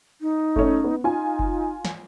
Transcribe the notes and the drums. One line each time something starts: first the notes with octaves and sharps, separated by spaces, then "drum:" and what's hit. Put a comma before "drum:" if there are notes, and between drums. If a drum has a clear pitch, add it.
D#4
A3 C#4, drum: kick F#1
B3
D#4 F4 G#5
drum: kick F#1
drum: snare